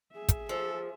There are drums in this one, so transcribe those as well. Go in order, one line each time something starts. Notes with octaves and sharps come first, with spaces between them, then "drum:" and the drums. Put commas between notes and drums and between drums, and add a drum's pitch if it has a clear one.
G#4 E5
drum: kick, hi-hat
F3 A4